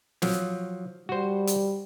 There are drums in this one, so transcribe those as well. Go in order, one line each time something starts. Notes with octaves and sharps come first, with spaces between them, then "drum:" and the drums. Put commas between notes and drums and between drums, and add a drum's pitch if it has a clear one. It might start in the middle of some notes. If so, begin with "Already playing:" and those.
F3 F#3, drum: snare
G3 F#4 C5
drum: hi-hat